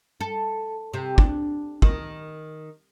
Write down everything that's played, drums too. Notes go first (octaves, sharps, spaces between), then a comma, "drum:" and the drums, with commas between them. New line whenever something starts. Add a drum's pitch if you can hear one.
A4
C3
D4, drum: kick
D#3, drum: kick